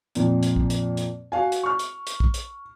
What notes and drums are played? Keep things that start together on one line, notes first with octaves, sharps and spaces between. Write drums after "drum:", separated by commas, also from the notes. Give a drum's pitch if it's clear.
F2 A#2 F3, drum: hi-hat
drum: hi-hat
drum: kick
drum: hi-hat
drum: hi-hat
F#4 F5 G#5
drum: hi-hat
C#6 F6
drum: hi-hat
drum: hi-hat
drum: kick
drum: hi-hat